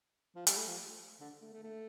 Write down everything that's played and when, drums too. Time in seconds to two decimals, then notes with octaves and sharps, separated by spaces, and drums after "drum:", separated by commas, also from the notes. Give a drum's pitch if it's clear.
0.35 F3
0.47 G3, drum: hi-hat
0.57 A3
0.68 F3
1.20 D3
1.42 A3
1.53 A3
1.63 A3